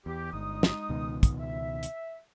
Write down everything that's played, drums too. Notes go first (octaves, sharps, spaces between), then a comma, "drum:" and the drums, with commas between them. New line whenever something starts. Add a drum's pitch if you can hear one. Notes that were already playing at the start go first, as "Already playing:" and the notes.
E2 G4
G1 G#3 D#4 D#6
drum: snare
C#2 B2 D#3
drum: kick, hi-hat
E5
drum: hi-hat